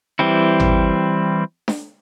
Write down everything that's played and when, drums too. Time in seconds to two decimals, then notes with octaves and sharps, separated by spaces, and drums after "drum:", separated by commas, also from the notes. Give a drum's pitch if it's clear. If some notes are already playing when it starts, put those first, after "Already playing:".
0.19 E3 G3 C4 E4
0.60 drum: tom G#1
1.68 drum: snare D4